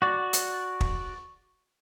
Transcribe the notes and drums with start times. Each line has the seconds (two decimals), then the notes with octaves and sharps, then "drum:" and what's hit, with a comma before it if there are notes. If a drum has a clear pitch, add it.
0.02 F#4 D5
0.33 drum: hi-hat
0.81 drum: kick